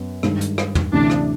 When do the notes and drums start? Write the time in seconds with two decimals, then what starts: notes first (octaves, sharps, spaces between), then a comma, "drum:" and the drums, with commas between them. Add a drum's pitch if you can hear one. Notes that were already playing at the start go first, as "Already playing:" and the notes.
Already playing: F#2 B3
0.23 G2 D#3 G#3, drum: rim click
0.41 drum: hi-hat
0.58 drum: rim click
0.75 drum: tom
0.92 D2 C3 E3 A3 C#4 D4
1.10 drum: rim click